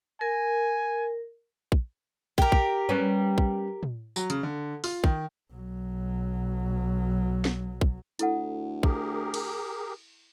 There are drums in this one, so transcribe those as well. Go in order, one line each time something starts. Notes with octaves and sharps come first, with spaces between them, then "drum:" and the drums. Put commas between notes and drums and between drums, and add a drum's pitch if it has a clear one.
A#4 G#5
drum: kick
G4 A#4, drum: kick
drum: kick
G3 B3 C#4
drum: kick
drum: tom
F#3, drum: tambourine
C#3, drum: hi-hat
D3
F4, drum: open hi-hat
D#3, drum: kick
B1 F#3
drum: snare
drum: kick
D2 E4 A4 F#5, drum: hi-hat
G4 G#4 A#4, drum: kick
drum: cymbal